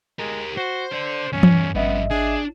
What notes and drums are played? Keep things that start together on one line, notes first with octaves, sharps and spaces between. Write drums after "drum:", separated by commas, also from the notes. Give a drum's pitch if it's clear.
G#3 G4 A#4
F#4 C5
A4 C5 D5
E2 G2 C#4
drum: tom E3
G#1 G2 B3 C#4 D#5 E5
D4 G#4